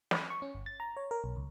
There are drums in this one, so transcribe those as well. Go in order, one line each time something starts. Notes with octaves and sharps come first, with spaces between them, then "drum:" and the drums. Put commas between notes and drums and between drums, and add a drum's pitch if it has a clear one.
B5, drum: snare
C#6
C#4
G1
A6
A#5
C#5
A#4
B1
C#2